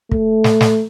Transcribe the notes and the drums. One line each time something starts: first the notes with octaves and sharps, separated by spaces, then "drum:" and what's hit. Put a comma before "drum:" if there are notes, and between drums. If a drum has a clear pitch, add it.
A3, drum: kick
drum: snare
drum: snare